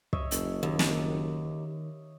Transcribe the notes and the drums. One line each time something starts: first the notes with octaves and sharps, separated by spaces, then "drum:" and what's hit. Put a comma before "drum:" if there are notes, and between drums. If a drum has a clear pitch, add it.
C#5 D#5 E5, drum: kick
F#1, drum: hi-hat
D#2 D#3
drum: snare